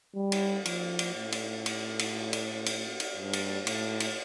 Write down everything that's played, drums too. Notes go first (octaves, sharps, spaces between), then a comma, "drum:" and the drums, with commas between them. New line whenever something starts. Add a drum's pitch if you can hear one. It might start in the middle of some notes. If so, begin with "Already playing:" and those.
G3
drum: cymbal
F3, drum: cymbal
drum: cymbal
A2
drum: cymbal
drum: cymbal
drum: cymbal
drum: cymbal
drum: cymbal
drum: cymbal
G2
drum: cymbal
A2, drum: cymbal
drum: cymbal